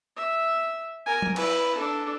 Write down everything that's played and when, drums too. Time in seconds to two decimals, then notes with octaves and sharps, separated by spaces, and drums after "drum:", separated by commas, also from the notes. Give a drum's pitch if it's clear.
0.16 E5
1.06 A#4 G#5
1.22 drum: tom F#3
1.36 E4 B4, drum: cymbal
1.75 D4 A4